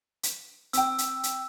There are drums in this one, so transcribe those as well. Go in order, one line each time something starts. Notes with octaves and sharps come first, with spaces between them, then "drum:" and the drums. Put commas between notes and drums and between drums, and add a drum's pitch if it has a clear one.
drum: hi-hat
C4 G5 E6, drum: hi-hat
drum: hi-hat
drum: hi-hat